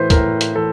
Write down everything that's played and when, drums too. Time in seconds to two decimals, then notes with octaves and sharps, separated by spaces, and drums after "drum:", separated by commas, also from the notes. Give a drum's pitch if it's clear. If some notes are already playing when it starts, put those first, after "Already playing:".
Already playing: A2 E3 B4 C5
0.10 A2 A#4, drum: kick, hi-hat
0.41 drum: hi-hat
0.56 E3 A4